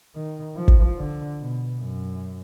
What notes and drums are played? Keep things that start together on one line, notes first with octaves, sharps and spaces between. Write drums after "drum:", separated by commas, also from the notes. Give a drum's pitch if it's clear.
D#3
F3
drum: kick
D3
B2
F#2